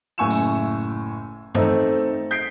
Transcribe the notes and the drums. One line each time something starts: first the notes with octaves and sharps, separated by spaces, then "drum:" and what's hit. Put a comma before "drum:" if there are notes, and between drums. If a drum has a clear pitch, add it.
F#1 A2 G#5 C#6 E6 E7
drum: tambourine
A3 C4 D#4 A4, drum: tom G2
G6 B6 C7 D7